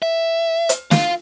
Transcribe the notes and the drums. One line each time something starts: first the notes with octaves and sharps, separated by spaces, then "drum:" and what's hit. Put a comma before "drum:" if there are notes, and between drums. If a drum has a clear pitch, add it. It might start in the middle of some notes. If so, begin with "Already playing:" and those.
E5
drum: hi-hat
F4 F5, drum: snare